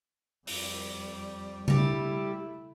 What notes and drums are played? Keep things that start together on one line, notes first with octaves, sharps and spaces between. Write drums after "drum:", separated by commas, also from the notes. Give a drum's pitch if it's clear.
F2 G3, drum: open hi-hat
G3 A3 E4 G4, drum: tom C#3